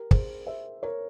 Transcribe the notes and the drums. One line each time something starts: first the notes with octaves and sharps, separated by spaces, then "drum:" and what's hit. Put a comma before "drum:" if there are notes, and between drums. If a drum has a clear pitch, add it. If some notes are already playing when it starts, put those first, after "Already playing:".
Already playing: G4 A#4
G#4 C5, drum: kick
C5 E5
A#4 C#5